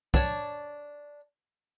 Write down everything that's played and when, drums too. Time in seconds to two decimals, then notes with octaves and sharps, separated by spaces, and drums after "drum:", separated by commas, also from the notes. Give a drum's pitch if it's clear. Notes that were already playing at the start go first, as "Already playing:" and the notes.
0.14 D4 C#5, drum: kick